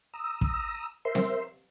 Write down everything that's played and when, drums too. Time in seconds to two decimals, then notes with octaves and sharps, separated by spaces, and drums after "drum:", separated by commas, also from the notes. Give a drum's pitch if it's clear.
0.13 A#5 D#6 E6
0.41 drum: kick
1.05 A#4 C5 E5 C6
1.15 drum: snare C4